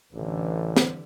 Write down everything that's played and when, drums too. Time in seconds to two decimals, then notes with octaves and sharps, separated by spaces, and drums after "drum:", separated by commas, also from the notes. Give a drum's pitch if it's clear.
0.14 A1 D3 E3
0.77 drum: snare